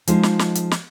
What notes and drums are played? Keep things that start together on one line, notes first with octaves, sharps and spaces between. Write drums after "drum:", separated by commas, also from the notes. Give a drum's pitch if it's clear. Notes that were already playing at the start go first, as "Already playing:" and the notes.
F3 G#3 D#4 G#4, drum: hi-hat
drum: snare
drum: snare
drum: hi-hat
drum: snare